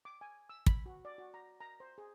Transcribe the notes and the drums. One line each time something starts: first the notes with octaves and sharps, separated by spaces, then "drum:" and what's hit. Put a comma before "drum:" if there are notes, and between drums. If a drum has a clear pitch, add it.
D6
G#5
E6
B5, drum: kick
F#4
D5
F#4
A#5
A#5
C5
G#4